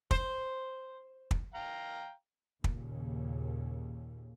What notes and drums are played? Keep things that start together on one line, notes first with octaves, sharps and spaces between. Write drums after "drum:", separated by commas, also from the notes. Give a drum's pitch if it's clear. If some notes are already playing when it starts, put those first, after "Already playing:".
C5, drum: kick
drum: kick
F5 G5 A#5
D#2 A#2 C#3, drum: kick